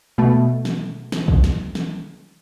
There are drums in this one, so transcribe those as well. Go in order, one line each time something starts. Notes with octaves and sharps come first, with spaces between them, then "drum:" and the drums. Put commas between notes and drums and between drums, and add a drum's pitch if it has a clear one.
B2 A3
drum: snare
drum: snare
drum: kick
drum: snare
drum: snare